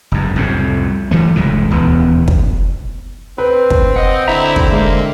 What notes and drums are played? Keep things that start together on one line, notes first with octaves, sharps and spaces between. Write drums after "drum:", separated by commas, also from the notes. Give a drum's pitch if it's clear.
F#1 G2
C2 F2 A2
E3 G3 A3
F1 C#2 A2 E3
D#1 E2 B2 B3
drum: kick
C4 B4
drum: kick
D#5 F#5
D3 E4 E5 A#5
drum: kick
G#3 A#3